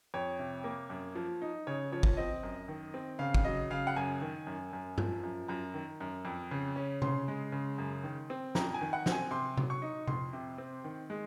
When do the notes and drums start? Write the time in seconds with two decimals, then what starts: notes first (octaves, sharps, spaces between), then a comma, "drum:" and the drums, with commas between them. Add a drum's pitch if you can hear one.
0.14 F2 C#5
0.39 C3
0.64 A#3
0.90 F#2
1.15 F3
1.42 D#4
1.67 C#3 C#5
1.92 F3 C#5
2.03 drum: kick
2.17 C4 D#5
2.43 F#2
2.68 D#3
2.94 C4
3.19 C#3 F5
3.34 drum: kick
3.44 F#3 D#5
3.70 C#3 F5
3.87 F#5
3.96 F#2 G#5
4.21 D#3
4.47 F#2
4.73 F#2
4.98 F3, drum: tom G2
5.23 F#2
5.48 F#2 A#5
5.74 D#3
6.01 F#2
6.25 F2
6.51 C#3
6.76 C#4
7.02 C#3 C6, drum: tom C3
7.28 G#3
7.52 C#3
7.78 F#2
8.04 D#3
8.30 C4
8.55 F2 A#5, drum: snare
8.74 G#5
8.81 D#3
8.93 F#5
9.06 C4, drum: snare
9.12 G#5
9.31 C3 C6
9.57 F#3, drum: tom C3
9.70 C#6
9.82 D#4
10.07 F2 C6, drum: tom C3
10.33 C3
10.58 C4
10.84 D#3
11.10 G#3